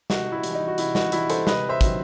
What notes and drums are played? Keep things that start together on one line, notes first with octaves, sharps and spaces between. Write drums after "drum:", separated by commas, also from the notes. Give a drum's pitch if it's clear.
C3 D#4 F#4, drum: snare
E4
E3 G3, drum: hi-hat
D#4
F#4
C3 E4, drum: hi-hat
D#4 F#4, drum: snare
E3 G3 E4, drum: hi-hat
A4 C5, drum: hi-hat
C3 B4 D#5, drum: snare
C5 E5
D#3 F#3, drum: kick, hi-hat